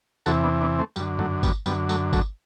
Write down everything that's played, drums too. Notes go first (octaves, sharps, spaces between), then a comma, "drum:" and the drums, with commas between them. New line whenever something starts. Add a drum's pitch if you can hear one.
E2 C3 E3 F#4 A4, drum: tambourine
B3 D4
B3 D4
A3 C4
F#2 D3 G3, drum: tambourine
F#3 A3, drum: tom G2
G3 B3, drum: kick G1, tambourine
F#2 D3 G3 B3, drum: tambourine
F#3 A3, drum: tambourine
F#3 A3, drum: kick G1, tambourine